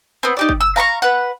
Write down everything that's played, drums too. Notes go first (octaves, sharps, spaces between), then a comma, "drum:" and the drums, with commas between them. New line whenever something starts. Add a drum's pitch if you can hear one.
B3 C4
D#4 G4 D5
drum: kick
E6
F5 A#5 B5 C#6
B4 F#5